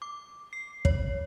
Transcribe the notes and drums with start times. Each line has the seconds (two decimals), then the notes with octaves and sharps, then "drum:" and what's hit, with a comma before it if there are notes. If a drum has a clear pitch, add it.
0.02 D6
0.53 C7
0.85 C#5, drum: kick